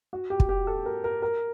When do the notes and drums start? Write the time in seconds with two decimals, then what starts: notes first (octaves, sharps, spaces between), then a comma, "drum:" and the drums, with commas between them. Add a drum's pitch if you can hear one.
0.13 F#4
0.30 G4
0.40 drum: kick
0.49 G4
0.67 A4
0.86 A#4
1.04 A#4
1.22 A#4